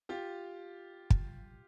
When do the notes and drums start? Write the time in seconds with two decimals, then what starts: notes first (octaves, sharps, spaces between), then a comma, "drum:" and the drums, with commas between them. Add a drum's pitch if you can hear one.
0.09 F4 G4
1.10 drum: kick